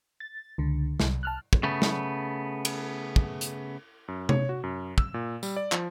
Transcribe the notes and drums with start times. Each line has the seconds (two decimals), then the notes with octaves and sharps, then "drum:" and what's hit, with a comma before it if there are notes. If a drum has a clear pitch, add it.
0.20 A6
0.58 C#2 D3
1.00 C2, drum: snare
1.23 A5 F6 F#6
1.53 drum: kick
1.63 C#3 A3 B3
1.82 drum: snare
2.65 drum: cymbal
3.16 drum: kick
3.41 drum: hi-hat
4.08 F#2
4.29 C#5, drum: tom C3
4.49 F#4
4.64 F#2
4.98 E6, drum: kick
5.14 A#2
5.43 G3, drum: tambourine
5.56 D5
5.72 F3, drum: clap